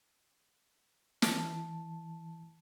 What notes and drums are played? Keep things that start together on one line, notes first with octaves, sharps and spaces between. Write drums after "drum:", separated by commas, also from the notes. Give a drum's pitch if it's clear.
E3 A5, drum: snare